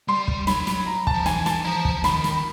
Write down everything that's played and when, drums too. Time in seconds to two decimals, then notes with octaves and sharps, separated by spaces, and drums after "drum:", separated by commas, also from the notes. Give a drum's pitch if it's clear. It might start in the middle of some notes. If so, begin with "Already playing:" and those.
0.08 G3 C6
0.28 drum: kick
0.47 F#3 B5, drum: snare
0.67 drum: snare
0.86 A#5
1.07 A5, drum: kick
1.14 F3
1.26 E3 G#5, drum: snare
1.46 A5, drum: snare
1.65 F3 A#5
1.85 drum: kick
2.04 D#3 B5, drum: snare
2.24 drum: snare